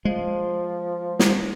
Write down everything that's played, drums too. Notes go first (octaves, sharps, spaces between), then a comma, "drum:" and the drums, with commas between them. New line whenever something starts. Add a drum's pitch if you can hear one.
F3 G#3
drum: snare